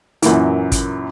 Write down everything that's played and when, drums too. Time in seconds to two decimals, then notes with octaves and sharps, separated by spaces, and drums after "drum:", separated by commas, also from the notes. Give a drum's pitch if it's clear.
0.22 F#2 A#2 E3, drum: hi-hat
0.72 drum: kick, hi-hat